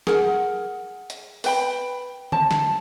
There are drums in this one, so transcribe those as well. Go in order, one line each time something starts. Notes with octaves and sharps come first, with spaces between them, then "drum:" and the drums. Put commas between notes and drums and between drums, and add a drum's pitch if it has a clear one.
G#4 A#4 F#5, drum: snare
drum: hi-hat
B4 G5 B5, drum: open hi-hat
C5 A5, drum: tom D3
drum: snare